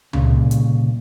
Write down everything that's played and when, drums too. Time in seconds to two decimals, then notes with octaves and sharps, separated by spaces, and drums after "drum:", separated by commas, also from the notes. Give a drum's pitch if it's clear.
0.13 C2 A#2 C#3, drum: tom C#2
0.51 drum: hi-hat